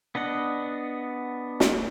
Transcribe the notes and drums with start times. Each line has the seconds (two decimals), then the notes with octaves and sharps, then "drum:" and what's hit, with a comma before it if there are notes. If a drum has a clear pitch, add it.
0.15 B3 D4 D#5 F#5
1.60 drum: snare